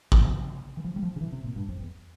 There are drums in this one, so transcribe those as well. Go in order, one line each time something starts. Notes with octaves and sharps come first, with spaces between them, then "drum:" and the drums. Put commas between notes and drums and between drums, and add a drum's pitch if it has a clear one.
F3, drum: kick
E3
F3
G3
F3
C#3
E3
C3
A#2
G2
F2
E2